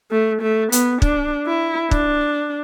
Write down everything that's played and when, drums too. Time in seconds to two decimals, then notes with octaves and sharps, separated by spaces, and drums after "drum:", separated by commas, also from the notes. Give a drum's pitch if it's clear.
0.11 A3
0.42 A3
0.72 B3, drum: hi-hat
1.02 D4, drum: kick
1.47 E4
1.91 D4, drum: kick